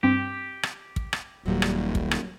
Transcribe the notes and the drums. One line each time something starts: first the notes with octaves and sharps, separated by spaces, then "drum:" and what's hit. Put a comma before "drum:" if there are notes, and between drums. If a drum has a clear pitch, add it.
G2 C4 G4
drum: rim click
drum: kick
drum: rim click
D#1 A#2 F#3 G3
drum: rim click
drum: kick
drum: rim click